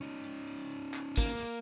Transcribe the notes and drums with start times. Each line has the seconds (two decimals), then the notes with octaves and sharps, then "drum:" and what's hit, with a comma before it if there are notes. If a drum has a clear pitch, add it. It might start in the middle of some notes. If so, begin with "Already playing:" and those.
0.01 C#4 D#4
0.24 drum: hi-hat
0.47 drum: open hi-hat
0.70 drum: hi-hat
0.94 drum: clap
1.17 A#3, drum: kick, hi-hat
1.40 drum: hi-hat